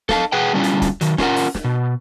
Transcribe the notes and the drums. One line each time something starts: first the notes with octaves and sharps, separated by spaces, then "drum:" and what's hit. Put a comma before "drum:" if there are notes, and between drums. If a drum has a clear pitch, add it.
A4 F5 A5, drum: snare
G#4 B4 F#5 G5
D3 G3 C#4 E4 F4
drum: hi-hat
drum: kick, hi-hat
D#3 F#3, drum: hi-hat
C#4 F4 A#4 F#5, drum: snare
drum: open hi-hat
drum: snare
B2